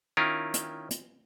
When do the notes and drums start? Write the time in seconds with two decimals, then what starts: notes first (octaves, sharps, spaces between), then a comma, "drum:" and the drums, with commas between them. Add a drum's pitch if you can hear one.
0.17 D#3 C#4 E4 F4 A#4
0.54 drum: hi-hat
0.91 drum: hi-hat